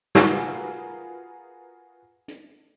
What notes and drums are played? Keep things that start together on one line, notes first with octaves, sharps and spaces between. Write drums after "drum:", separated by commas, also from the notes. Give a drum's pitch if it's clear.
F4 F#4 G#4 A#4 B4, drum: snare
drum: hi-hat